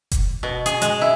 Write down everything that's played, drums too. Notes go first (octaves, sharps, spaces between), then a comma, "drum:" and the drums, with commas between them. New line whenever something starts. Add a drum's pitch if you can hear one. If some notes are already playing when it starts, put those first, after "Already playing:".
drum: kick F1, hi-hat
B2
G#4, drum: hi-hat
G#3, drum: hi-hat
E4